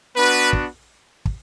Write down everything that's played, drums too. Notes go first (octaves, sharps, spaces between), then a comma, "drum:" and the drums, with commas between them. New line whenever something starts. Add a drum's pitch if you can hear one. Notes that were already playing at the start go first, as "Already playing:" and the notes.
B3 D4 F#4 B4
drum: kick
drum: kick